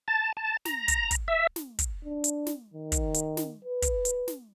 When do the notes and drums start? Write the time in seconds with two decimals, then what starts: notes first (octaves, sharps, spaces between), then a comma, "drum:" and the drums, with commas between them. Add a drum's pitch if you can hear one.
0.08 A5
0.37 A5
0.65 A#5, drum: snare
0.88 drum: kick, hi-hat
1.11 drum: kick, hi-hat
1.28 E5
1.56 drum: snare
1.79 drum: kick, hi-hat
2.05 D4
2.24 drum: hi-hat
2.46 drum: snare
2.74 D#3
2.92 drum: kick, hi-hat
3.14 drum: hi-hat
3.37 drum: snare
3.65 B4
3.82 drum: kick, hi-hat
4.05 drum: hi-hat
4.28 drum: snare